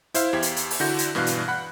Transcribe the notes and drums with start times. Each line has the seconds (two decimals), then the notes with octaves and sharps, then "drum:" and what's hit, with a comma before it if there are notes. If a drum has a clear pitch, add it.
0.14 E4 C5 E5 F5, drum: hi-hat
0.33 E2 G4 G#6
0.42 drum: hi-hat
0.56 drum: hi-hat
0.70 drum: open hi-hat
0.80 D3 E4 F#4 G6 A#6
0.98 drum: hi-hat
1.15 G2 B2 E3 D4 F5 F#6, drum: snare
1.26 drum: hi-hat
1.48 F#5 B5 F#6